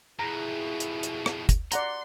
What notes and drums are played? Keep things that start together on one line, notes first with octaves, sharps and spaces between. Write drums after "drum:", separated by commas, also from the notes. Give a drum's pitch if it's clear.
F2 B2 E4 G#4 A#5
drum: hi-hat
drum: hi-hat
drum: rim click
drum: kick, hi-hat
D5 F#5 A#5 C6, drum: hi-hat